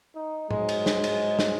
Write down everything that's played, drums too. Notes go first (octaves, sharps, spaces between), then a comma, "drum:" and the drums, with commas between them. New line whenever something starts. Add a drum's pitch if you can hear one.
D#4
G#2 F#3 G#3, drum: tom A2
drum: cymbal
drum: snare
drum: cymbal
drum: snare